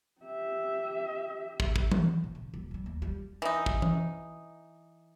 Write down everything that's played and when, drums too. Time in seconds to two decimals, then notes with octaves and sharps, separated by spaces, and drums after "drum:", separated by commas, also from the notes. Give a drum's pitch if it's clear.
0.22 G4 E5
1.60 drum: kick
1.76 drum: kick
1.92 drum: tom E3
2.24 A#2
2.35 C#3
2.54 D#1
2.71 G3 A3
2.86 D#2
3.02 G3
3.42 E3 D#4
3.66 drum: kick
3.82 drum: tom E3